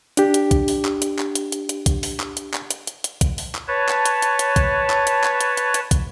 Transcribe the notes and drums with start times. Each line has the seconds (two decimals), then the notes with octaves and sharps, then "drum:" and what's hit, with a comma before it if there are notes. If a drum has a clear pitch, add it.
0.17 D4 G4, drum: hi-hat
0.34 drum: hi-hat
0.51 drum: kick, hi-hat
0.68 drum: open hi-hat
0.85 drum: clap
1.02 drum: hi-hat
1.19 drum: clap
1.35 drum: hi-hat
1.52 drum: hi-hat
1.69 drum: hi-hat
1.86 drum: kick, hi-hat
2.03 drum: open hi-hat
2.20 drum: clap
2.37 drum: hi-hat
2.54 drum: clap
2.70 drum: hi-hat
2.87 drum: hi-hat
3.04 drum: hi-hat
3.21 drum: kick, hi-hat
3.38 drum: open hi-hat
3.55 drum: clap
3.68 B4 C#5 A5
3.89 drum: clap
4.06 drum: hi-hat
4.22 drum: hi-hat
4.39 drum: hi-hat
4.56 drum: kick, hi-hat
4.90 drum: clap
5.07 drum: hi-hat
5.24 drum: clap
5.41 drum: hi-hat
5.57 drum: hi-hat
5.74 drum: hi-hat
5.91 drum: kick, hi-hat